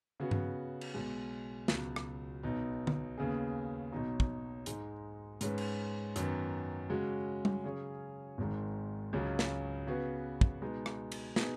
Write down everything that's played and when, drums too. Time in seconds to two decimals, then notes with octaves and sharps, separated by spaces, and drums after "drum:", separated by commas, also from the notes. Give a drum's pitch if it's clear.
0.20 C#3 B3 F#4
0.31 drum: tom G2
0.81 drum: cymbal
0.94 B1 B2 G#3
1.68 C#2 B2 F#3, drum: snare
1.96 drum: rim click
2.43 B1 B2 B3 D#4
2.87 drum: tom D3
3.17 D#2 C#3 B3 G#4
3.92 B1 B2 F#3 D#4
4.20 drum: kick
4.66 G#2 G#3 D#4, drum: hi-hat
5.41 G#2 G#3 C#4 B4, drum: hi-hat
5.58 drum: cymbal
6.16 F#2 D#3 B3, drum: hi-hat
6.90 C#3 G#3 C#4 F#4 C#5
7.45 drum: tom G3
7.64 C#3 F#3 C#4 G#4 C#5
8.38 G#1 G#2 D#3 G#3
9.13 C#2 C#3 F#3 C#4
9.39 drum: snare
9.87 C#3 B3 F#4 B4
10.41 drum: kick
10.62 B2 G#3 B3 D#4
10.86 drum: rim click
11.12 drum: cymbal
11.36 B2 B3 D#4 G#4, drum: snare